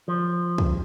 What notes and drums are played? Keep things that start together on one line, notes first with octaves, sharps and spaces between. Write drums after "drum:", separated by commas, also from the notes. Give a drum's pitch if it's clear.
F3
drum: kick